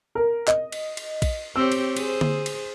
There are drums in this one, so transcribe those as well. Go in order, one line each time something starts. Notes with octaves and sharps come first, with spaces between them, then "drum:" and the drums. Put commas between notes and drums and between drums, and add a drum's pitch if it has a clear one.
A#4
D#5, drum: clap
drum: cymbal
drum: cymbal
drum: kick A#1, cymbal
C4 G4 C#5 E6
drum: cymbal
G#4 C5, drum: cymbal
drum: tom D3
drum: cymbal